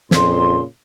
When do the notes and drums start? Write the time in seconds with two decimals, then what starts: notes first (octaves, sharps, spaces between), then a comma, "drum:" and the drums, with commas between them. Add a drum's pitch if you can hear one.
0.11 F2 A#2 C#3 C6, drum: snare